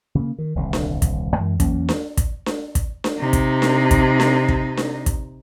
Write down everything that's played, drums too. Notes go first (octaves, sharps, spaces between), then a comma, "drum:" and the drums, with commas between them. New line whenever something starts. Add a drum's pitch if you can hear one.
C#3 A#3
D#3
D#1 C2 D3
drum: snare D4
drum: kick, hi-hat
F#2 E3 G#3
E2 F#3 A#3 C#4, drum: kick, hi-hat
drum: snare D4
drum: kick, hi-hat
drum: snare D4
drum: kick, hi-hat
drum: snare D4
C3 D#4
drum: kick, hi-hat
drum: snare D4
drum: kick, hi-hat
drum: snare D4
drum: kick
drum: snare D4
drum: kick, hi-hat